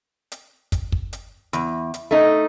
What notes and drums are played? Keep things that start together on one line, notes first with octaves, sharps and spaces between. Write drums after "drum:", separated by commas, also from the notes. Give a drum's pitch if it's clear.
drum: hi-hat
drum: kick, hi-hat
drum: kick
drum: hi-hat
E2, drum: hi-hat
drum: hi-hat
A3 D#4